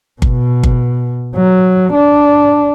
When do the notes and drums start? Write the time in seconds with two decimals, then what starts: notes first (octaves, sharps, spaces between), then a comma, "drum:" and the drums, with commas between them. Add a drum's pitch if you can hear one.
0.22 B2, drum: kick G1
0.64 drum: kick G1
1.36 F#3
1.94 D4